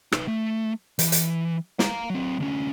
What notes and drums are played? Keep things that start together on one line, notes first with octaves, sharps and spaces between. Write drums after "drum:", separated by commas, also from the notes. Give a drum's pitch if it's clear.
D#4 B4, drum: rim click
A3
E3, drum: hi-hat
drum: hi-hat
F5 A#5, drum: snare
F#3 C4
D2 C#4